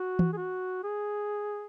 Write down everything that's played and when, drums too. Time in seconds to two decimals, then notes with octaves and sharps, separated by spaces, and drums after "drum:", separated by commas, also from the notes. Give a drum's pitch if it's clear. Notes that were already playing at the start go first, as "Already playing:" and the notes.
Already playing: F#4
0.19 drum: tom E3
0.33 G#4
0.37 F#4
0.84 G#4